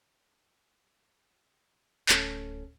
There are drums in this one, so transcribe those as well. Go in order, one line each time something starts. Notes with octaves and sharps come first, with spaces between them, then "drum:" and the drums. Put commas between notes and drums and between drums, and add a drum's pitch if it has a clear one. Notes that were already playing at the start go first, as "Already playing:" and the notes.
D1 C#4 A4 C#5, drum: clap